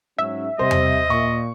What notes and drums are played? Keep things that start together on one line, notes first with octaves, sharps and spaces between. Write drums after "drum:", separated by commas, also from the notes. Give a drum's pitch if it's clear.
G#2 F#3 C#4 E5
C3 G3 C5 D#5
drum: tom E2
A#2 C#6